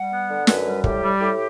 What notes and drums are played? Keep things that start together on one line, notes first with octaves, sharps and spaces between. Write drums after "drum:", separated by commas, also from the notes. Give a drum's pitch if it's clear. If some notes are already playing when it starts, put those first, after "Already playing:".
Already playing: G3 F#5
B3
D3
F#2 B4, drum: snare
G3
A2 G4, drum: kick
G3
A2